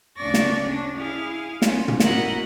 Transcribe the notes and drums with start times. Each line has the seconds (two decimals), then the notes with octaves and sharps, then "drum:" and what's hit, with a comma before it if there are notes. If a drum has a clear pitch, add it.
0.17 D2 C#3 D4 D5 C#6 A#6
0.34 drum: snare
0.62 C#4 D4
0.97 E4 G#4 F5
1.62 C#4 F4, drum: snare
1.88 drum: tom
2.00 E4 F#4 A#4 D#5 F#5, drum: snare